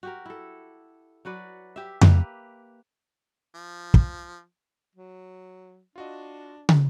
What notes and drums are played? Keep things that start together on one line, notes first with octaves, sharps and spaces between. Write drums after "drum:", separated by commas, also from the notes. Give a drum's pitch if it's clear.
F#4 G4 A#4
E4 A4
F#3 F#4 B4 D5
G4 E5
A#3 G4 B4, drum: tom F2
F3
drum: kick
F#3
D4 F4 F#4 D#5
drum: tom